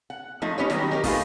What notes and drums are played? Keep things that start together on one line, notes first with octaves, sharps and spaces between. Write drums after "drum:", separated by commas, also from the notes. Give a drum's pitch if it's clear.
F#5
F3 A3 D#4
C#4 D#4 G4 G#4 B4 C#5
D#3 F#3 G3, drum: snare
D#4 G4 A#4
A3 A#3 D#4 F4 G#4 B4, drum: kick, open hi-hat